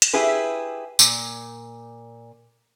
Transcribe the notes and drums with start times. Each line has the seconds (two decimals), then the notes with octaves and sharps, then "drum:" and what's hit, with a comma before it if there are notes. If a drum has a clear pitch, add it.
0.02 drum: hi-hat
0.13 E4 G4 G#4 B4
0.99 A#2, drum: tambourine